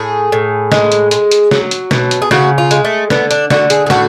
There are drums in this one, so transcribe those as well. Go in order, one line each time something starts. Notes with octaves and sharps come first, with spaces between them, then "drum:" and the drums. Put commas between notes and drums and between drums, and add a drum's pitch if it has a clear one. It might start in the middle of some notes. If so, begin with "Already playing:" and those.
Already playing: A2 G#4
A2
G#3, drum: snare
drum: hi-hat
G#3, drum: hi-hat
drum: hi-hat
F#3, drum: snare
drum: hi-hat
B2, drum: snare
drum: hi-hat
G#4
C#3 F#4, drum: snare
F4
G#3, drum: hi-hat
A3
D3 B3, drum: snare
D4, drum: hi-hat
D3 F#4, drum: snare
G#4, drum: hi-hat
G#4
A2 F#4, drum: snare